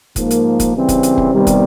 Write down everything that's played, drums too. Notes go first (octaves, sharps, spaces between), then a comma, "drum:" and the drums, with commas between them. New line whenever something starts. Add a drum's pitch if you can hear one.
G#2 F3 A#3, drum: kick, hi-hat
drum: hi-hat
drum: kick, hi-hat
C#3 E3 G3 C4
drum: kick, hi-hat
drum: hi-hat
drum: kick
C3 D#3 G3 B3
drum: kick, hi-hat